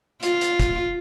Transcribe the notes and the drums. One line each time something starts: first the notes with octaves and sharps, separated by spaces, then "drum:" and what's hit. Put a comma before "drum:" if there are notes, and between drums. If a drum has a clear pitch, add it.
F4, drum: hi-hat
drum: hi-hat
drum: kick, hi-hat